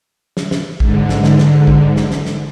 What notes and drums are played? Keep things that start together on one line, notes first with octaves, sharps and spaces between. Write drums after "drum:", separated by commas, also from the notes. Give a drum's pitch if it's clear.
drum: snare
drum: snare
G#2 D3, drum: kick
drum: snare
drum: snare
drum: snare
drum: kick
drum: snare
drum: snare
drum: snare